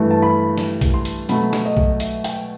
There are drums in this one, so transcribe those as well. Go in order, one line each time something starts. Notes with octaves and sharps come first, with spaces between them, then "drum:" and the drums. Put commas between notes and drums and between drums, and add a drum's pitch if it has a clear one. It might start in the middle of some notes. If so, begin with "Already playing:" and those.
Already playing: G2 E3 A3
A5
B5
drum: snare
drum: kick B1, hi-hat
C6
drum: hi-hat
B2 F#3 A3 B5, drum: hi-hat
drum: snare
D#5
drum: kick B1
E5, drum: hi-hat
G5, drum: hi-hat